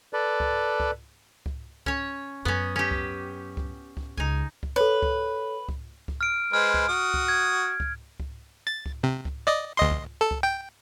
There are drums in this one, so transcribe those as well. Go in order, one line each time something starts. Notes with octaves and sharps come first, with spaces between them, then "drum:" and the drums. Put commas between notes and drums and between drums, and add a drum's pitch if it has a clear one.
A4 B4 D5
drum: kick C#2
drum: kick C#2
drum: kick C#2
C#4 C#5, drum: kick C#2
F#2 B3 C#4
C#4 G4
drum: kick C#2
drum: kick C#2
drum: kick C#2
C#2 D#4 G#5
drum: kick C#2
A4 B4 C#5
drum: kick C#2
drum: kick C#2
drum: kick C#2
F6 D7
G#3 B4 C5 F6
drum: kick C#2
F#4 D#6
drum: kick C#2
G#6
drum: kick C#2
drum: kick C#2
A6
drum: kick C#2
C3
drum: kick C#2
D5 D#5
D2 D#5 C6
drum: kick C#2
A4
drum: kick C#2
G5